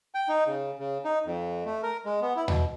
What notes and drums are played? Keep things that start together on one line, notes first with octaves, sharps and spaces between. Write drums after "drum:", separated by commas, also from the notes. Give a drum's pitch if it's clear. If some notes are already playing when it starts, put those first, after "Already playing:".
G5
D#4
C#3
C#3
D#4
F2
A3
A#4
G#3
B3
E4
B2, drum: tom D#2